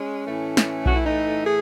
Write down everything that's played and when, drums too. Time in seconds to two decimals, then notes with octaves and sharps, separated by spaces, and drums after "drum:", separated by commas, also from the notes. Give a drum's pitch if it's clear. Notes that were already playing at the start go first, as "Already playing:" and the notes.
Already playing: G#3 C#4
0.26 A2 E3 A3
0.57 drum: snare
0.86 F#4, drum: kick B1
0.95 E4
1.05 D#4
1.45 G#4